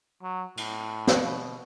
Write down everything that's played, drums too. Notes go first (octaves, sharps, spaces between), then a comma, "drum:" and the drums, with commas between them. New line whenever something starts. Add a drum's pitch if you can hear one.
F#3
A2, drum: cymbal
drum: snare
B2